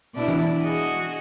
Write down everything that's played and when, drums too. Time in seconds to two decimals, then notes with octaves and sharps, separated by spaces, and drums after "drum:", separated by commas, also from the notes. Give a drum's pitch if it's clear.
0.15 B2 D4 E4
0.28 drum: tom E3
0.62 F#4 G#4 D#5